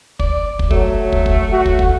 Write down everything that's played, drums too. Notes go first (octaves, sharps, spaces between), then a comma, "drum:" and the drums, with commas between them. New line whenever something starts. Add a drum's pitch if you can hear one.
D5, drum: kick
drum: kick
F#3 A3, drum: kick
drum: kick
drum: kick
F#4
drum: kick
drum: kick